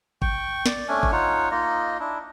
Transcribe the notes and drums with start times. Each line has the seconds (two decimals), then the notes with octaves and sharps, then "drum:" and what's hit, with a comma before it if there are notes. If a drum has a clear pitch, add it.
0.22 G5 C#6, drum: kick
0.66 D5, drum: snare
0.88 A3 C#4 D4 G#5
1.03 drum: kick
1.12 D#4 F4 C#5 F#5
1.51 A#3 D#4 F4 D#5
1.99 D4 E4